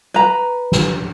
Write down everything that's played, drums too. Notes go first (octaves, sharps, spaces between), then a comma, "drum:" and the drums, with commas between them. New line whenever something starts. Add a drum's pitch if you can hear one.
B4 A#5
drum: snare